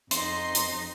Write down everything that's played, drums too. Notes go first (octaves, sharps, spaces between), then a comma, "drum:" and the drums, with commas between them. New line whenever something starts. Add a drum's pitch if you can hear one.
F2 D#4 C6, drum: hi-hat
drum: hi-hat